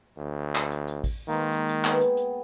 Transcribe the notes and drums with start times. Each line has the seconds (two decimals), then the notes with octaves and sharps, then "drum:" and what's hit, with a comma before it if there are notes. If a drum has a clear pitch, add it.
0.17 D2
0.55 drum: clap
0.72 drum: hi-hat
0.88 drum: hi-hat
1.04 drum: kick A1, open hi-hat
1.28 D#3 G#3 A#3
1.52 drum: hi-hat
1.69 drum: hi-hat
1.85 B3 G#4 G5, drum: clap
2.01 drum: hi-hat
2.17 drum: hi-hat